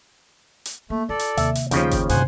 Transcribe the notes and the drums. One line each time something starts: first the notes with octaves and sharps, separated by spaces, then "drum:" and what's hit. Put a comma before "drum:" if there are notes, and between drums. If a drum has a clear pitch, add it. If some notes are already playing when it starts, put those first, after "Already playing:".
drum: hi-hat
A3 A#3
F4 A4 D5
drum: hi-hat
D#2 C3 E5, drum: hi-hat
drum: hi-hat
D#2 C#3 F3 B3 G5, drum: hi-hat
drum: kick G1, hi-hat
G2 C3 C5 F#5 G#5, drum: hi-hat